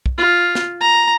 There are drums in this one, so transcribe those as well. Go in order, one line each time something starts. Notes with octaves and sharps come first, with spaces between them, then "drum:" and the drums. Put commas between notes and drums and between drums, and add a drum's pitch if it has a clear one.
drum: kick
F4
drum: snare
A#5